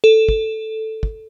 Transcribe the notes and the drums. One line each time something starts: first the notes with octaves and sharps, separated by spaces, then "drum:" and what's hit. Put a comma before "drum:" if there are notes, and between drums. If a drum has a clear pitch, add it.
A4
drum: kick
drum: kick